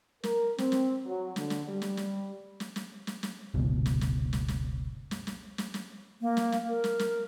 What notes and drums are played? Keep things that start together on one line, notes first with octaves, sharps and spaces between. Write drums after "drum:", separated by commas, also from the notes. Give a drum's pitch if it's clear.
A#4, drum: snare
C4, drum: snare
drum: snare
F#3
D3, drum: snare
drum: snare
G3
drum: snare
drum: snare
drum: snare
drum: snare
drum: snare
drum: snare
F#1 C#2 B2
drum: snare
drum: snare
drum: snare
drum: snare
drum: snare
drum: snare
drum: snare
drum: snare
A#3
drum: snare
drum: snare
A#4
drum: snare
drum: snare